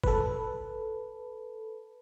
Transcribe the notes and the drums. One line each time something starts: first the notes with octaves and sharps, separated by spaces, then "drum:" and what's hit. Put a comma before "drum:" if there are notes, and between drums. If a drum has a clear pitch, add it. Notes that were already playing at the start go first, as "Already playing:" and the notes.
A4 B4, drum: kick G1